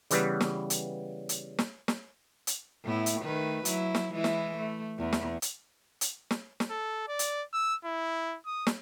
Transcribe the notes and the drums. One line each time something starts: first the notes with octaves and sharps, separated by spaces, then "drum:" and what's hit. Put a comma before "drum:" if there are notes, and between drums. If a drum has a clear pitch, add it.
C#3 E3 G3 B3, drum: hi-hat
drum: snare
drum: hi-hat
drum: hi-hat
drum: snare
drum: snare
drum: hi-hat
A2 B3 E4
drum: hi-hat
D#3 A3 B4
F#3 E4, drum: hi-hat
drum: snare
E3 G#3 E4
drum: snare
A3
E2
drum: snare
drum: hi-hat
drum: hi-hat
drum: snare
drum: snare
A4
D5
drum: hi-hat
E6
E4
D#6
drum: snare